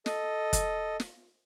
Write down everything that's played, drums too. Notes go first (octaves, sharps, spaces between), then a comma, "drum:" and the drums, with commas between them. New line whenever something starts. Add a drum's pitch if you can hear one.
A4 D#5, drum: snare
drum: kick, hi-hat
drum: snare